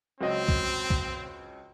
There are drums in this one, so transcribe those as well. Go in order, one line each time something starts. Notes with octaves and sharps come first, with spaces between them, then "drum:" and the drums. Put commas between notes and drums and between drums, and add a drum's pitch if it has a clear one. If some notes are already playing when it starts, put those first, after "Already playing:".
C#2 F#3 C4 D#5
drum: kick B1
drum: kick B1